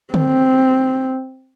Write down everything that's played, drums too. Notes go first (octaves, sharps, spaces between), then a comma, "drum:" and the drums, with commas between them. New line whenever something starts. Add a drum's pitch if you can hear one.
C4, drum: tom D3